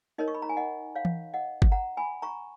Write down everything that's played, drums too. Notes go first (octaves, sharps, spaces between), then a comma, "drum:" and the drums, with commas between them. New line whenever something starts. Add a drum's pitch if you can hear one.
D#4 A#4 C#5 D#5
C#6
B5
A#5
G#5
D#5 F#5
C#5 F5
drum: tom E3
D#5 F#5
drum: kick G1
F#5 A#5
G#5 B5
A#5 C#6